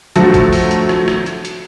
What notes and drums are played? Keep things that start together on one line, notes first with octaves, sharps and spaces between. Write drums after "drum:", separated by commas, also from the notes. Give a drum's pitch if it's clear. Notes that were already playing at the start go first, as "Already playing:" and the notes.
D3 F3 F#3 A3, drum: hi-hat
drum: kick, hi-hat
drum: open hi-hat
drum: hi-hat
drum: rim click
drum: rim click
drum: hi-hat
drum: hi-hat